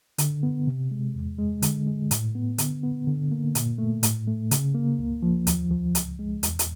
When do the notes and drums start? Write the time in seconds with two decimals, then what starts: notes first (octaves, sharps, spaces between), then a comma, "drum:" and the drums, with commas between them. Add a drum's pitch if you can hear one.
0.18 D3, drum: hi-hat
0.43 B3
0.67 C3
0.91 G#3
1.15 E2
1.38 G#3
1.62 D3, drum: hi-hat
1.87 G#3
2.11 A2, drum: hi-hat
2.35 B3
2.58 D3, drum: hi-hat
2.83 B3
3.07 D3
3.31 A#3
3.55 A#2, drum: hi-hat
3.78 A3
4.03 A2, drum: hi-hat
4.27 A3
4.51 C#3, drum: hi-hat
4.74 A#3
4.99 C#2
5.23 F3
5.47 D#2, drum: hi-hat
5.71 F3
5.95 C#2, drum: hi-hat
6.19 G#3
6.43 E2, drum: hi-hat
6.59 drum: hi-hat